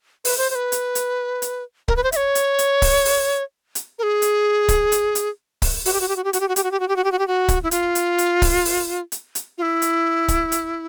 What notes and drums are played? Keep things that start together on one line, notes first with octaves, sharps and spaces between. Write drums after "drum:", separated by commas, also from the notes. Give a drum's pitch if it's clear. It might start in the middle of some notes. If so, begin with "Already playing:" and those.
B4, drum: open hi-hat
C5
C5
B4
drum: hi-hat
drum: hi-hat
drum: hi-hat
A#4, drum: kick C#1
B4
C5
E5, drum: hi-hat
C#5
drum: hi-hat
drum: hi-hat
drum: kick C#1, open hi-hat
drum: open hi-hat
drum: hi-hat
A#4
G#4
drum: hi-hat
drum: kick C#1, hi-hat
drum: hi-hat
drum: hi-hat
drum: kick C#1, open hi-hat
F#4, drum: open hi-hat
G4
F#4
G4
F#4
G4
F#4, drum: hi-hat
G4
F#4
G4, drum: hi-hat
F#4
G4
F#4
G4
F#4
G4
F#4
G4
F#4
drum: kick C#1, hi-hat
E4
F4, drum: hi-hat
drum: hi-hat
drum: hi-hat
drum: kick C#1, open hi-hat
drum: open hi-hat
drum: hi-hat
drum: hi-hat
F4
E4
drum: hi-hat
drum: kick C#1, hi-hat
drum: hi-hat